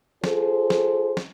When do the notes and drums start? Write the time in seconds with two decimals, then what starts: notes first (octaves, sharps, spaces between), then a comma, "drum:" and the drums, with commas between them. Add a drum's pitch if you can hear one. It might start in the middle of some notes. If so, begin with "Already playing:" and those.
0.24 F4 G#4 A4 C5, drum: snare
0.70 drum: snare
1.17 drum: snare